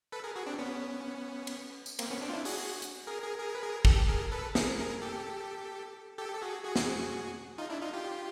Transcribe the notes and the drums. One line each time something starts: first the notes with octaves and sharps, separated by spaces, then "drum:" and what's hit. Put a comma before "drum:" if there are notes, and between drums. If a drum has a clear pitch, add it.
A4 B4
G#4 A#4
F#4 G#4
C4 D4
B3 C#4
drum: cymbal
drum: tambourine
A#3 C4, drum: cymbal
B3 C#4
C4 D4
F4
D4 E4
F#4 G#4, drum: open hi-hat
drum: hi-hat
G#4 A#4
G#4 A#4
G#4 A#4
B4
G#4 A#4
G4 A4, drum: kick
G#4 A#4
A4 B4
G#4 A#4, drum: snare
G#4 A#4
G4 A4
G4 A4
A4
F#4 G#4
F#4 G#4
drum: snare
D#4 F4
D4 E4
D#4 F4
F4 G4